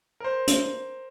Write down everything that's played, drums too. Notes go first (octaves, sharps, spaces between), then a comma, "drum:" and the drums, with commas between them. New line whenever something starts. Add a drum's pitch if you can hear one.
A#4 C5
drum: hi-hat